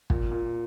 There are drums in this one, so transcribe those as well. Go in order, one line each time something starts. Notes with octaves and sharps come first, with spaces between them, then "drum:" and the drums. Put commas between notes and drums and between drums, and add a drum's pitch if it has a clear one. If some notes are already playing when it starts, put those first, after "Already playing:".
A#2, drum: kick
A#2